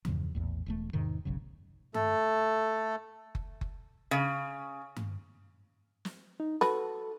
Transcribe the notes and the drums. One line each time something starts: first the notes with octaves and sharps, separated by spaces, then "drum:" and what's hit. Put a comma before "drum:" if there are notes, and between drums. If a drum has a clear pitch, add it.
E2 C#3 F3, drum: tom G2
A#1 E2 A2
E1 E2 A3
E2 G#2 C3 D#3
F#1 B1 F#2 C#3
A3 A4, drum: tom G2
drum: kick F#1
drum: kick F#1
C#3
drum: tom G2
drum: snare
D#4
F#4 A4 B4, drum: snare